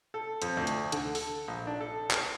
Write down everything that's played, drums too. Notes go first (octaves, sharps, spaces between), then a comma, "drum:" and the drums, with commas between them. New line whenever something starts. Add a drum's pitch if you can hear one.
A4
F2, drum: hi-hat
D2
drum: hi-hat
D3, drum: hi-hat
A4, drum: open hi-hat
A#1
D4
A4
drum: clap